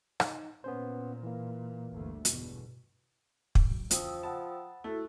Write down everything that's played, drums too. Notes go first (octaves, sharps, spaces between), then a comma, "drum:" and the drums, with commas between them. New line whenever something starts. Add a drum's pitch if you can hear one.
D#4, drum: rim click
A#2 B3 C#4 C5
E3 A#3
G1 D2 A3
G1 E2 B2, drum: hi-hat
drum: kick
A2 C#3 F#3
E2 C#3 E3 F3 G5 D#6 E6, drum: hi-hat
F#5 A5 B5
A3 E4 F#4 E5 A6